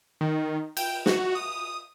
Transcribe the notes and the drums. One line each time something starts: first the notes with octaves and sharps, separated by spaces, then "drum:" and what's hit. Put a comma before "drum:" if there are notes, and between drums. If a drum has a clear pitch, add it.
D#3
G5, drum: cymbal
F#4, drum: snare
D#6